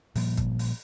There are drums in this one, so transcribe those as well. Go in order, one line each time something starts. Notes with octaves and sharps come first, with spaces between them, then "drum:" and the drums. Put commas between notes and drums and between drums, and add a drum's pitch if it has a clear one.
A#2 F3 G3, drum: open hi-hat
drum: kick, hi-hat
drum: open hi-hat